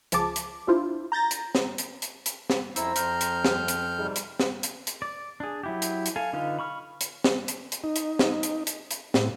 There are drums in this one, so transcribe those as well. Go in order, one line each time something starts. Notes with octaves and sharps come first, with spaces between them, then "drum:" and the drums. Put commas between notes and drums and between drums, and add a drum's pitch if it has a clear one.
C#2 F3 G#4 A5 D6, drum: hi-hat
drum: hi-hat
D4 E4 F4 C5
A#5 G6 A6 A#6
drum: hi-hat
drum: snare
drum: hi-hat
drum: hi-hat
drum: hi-hat
drum: snare
F2 E4 C5 A#5 E6, drum: hi-hat
F2 F6 G6, drum: hi-hat
drum: hi-hat
drum: snare
drum: hi-hat
G#2 C3 G3
drum: hi-hat
drum: snare
drum: hi-hat
drum: hi-hat
D5
D4 G#4
F#3 E4 G4
drum: hi-hat
drum: hi-hat
A4 F5 G#5
D3 D#4 F4 B4 F5
B5 C#6 F6
drum: hi-hat
drum: snare
drum: hi-hat
drum: hi-hat
D#4
drum: hi-hat
drum: snare
drum: hi-hat
drum: hi-hat
drum: hi-hat
A2, drum: snare